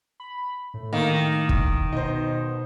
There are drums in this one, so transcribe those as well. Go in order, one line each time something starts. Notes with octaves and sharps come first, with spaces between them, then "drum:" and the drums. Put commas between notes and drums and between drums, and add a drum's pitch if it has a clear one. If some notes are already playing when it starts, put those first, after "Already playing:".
B5
A2
D#3 A#3
drum: kick
B2 D#4 C5